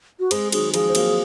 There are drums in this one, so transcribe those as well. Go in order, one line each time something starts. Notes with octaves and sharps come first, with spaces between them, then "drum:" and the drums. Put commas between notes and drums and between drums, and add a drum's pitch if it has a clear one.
F#4
G#3 C4 G#4, drum: cymbal
D#3 F#3 G#4, drum: cymbal
F3 G#3 G#4, drum: cymbal
C4
F#3 A#3, drum: cymbal